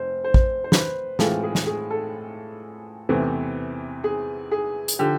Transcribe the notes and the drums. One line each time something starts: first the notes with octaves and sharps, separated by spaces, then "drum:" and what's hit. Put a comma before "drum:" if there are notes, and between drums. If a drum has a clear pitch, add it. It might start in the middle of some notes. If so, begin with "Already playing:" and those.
Already playing: F1 C5
C5
drum: kick
C5
B4, drum: snare
A2 E3 G#3 C4 F4 A4, drum: snare
G#4
drum: snare
G#4
A4
E2 C3 E3 A3 C4
G#4
G#4
drum: hi-hat
D3 F3 G4